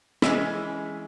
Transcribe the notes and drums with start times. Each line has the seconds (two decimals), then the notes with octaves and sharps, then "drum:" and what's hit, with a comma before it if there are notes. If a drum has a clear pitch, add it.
0.22 E3 G#3 C#4, drum: snare